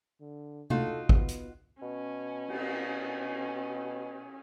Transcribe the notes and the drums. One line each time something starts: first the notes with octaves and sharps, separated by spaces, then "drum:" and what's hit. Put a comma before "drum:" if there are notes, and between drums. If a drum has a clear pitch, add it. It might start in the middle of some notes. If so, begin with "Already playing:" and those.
D3
D#4 F4 F#4 A4, drum: tom C3
B3, drum: kick G#1
drum: hi-hat
B2 C#4
drum: cymbal